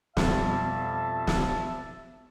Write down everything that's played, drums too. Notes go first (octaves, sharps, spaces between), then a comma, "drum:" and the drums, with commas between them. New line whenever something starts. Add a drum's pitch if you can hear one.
F2 B2 G3 E5 A5, drum: snare
drum: snare